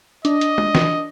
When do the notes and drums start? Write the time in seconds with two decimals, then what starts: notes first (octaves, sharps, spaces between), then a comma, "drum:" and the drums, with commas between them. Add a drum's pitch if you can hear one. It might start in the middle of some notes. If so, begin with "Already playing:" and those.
0.25 D4 D#5, drum: hi-hat
0.41 drum: hi-hat
0.58 drum: tom
0.75 drum: snare